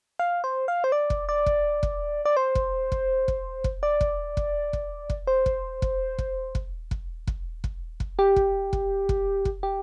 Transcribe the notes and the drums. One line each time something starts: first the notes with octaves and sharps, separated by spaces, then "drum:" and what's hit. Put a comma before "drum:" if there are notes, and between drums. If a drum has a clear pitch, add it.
F5
C5
F5
C5
D5
drum: kick
D5
drum: kick
drum: kick
D5
C5
drum: kick
drum: kick
drum: kick
drum: kick
D5
drum: kick
drum: kick
drum: kick
drum: kick
C5
drum: kick
drum: kick
drum: kick
drum: kick
drum: kick
drum: kick
drum: kick
drum: kick
G4
drum: kick
drum: kick
drum: kick
drum: kick
G4